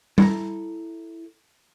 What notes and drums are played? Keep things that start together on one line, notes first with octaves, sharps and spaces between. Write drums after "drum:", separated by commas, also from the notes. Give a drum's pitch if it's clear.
E4 A4 A#5, drum: tom G3